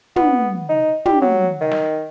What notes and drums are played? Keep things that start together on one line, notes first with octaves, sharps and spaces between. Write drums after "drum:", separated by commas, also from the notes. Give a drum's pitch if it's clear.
B3, drum: tom
D#4
G4, drum: tom
F#3
D#3
drum: snare